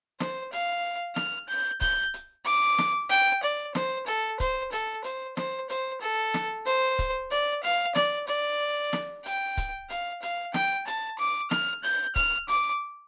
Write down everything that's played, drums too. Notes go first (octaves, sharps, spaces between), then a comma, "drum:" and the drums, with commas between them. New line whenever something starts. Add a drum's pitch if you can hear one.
C5, drum: snare
F5, drum: hi-hat
F6, drum: snare
G6
G6, drum: kick C#1, hi-hat
drum: hi-hat
D6, drum: hi-hat
drum: snare
G5, drum: hi-hat
D5
C5, drum: snare
A4, drum: hi-hat
C5, drum: kick C#1, hi-hat
A4, drum: hi-hat
C5, drum: hi-hat
C5, drum: snare
C5, drum: hi-hat
A4
drum: snare
C5, drum: hi-hat
drum: kick C#1, hi-hat
D5, drum: hi-hat
F5, drum: hi-hat
D5, drum: snare
D5, drum: hi-hat
drum: snare
G5, drum: hi-hat
drum: kick C#1, hi-hat
F5, drum: hi-hat
F5, drum: hi-hat
G5, drum: snare
A5, drum: hi-hat
D6
F6, drum: snare
G6, drum: hi-hat
F6, drum: kick C#1, hi-hat
D6, drum: hi-hat